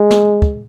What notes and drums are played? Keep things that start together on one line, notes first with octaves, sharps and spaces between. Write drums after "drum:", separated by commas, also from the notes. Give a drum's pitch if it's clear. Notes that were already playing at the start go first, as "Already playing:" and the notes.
Already playing: G#3
drum: snare
drum: kick